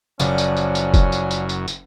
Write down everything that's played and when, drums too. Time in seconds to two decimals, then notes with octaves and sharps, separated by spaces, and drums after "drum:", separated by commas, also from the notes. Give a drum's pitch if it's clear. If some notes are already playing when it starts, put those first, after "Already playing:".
0.20 F#1 F#2 F3 C#4 D4, drum: tambourine
0.38 drum: tambourine
0.57 drum: tambourine
0.75 drum: tambourine
0.94 drum: kick F1, tambourine
1.12 drum: tambourine
1.31 drum: tambourine
1.49 drum: tambourine
1.68 drum: tambourine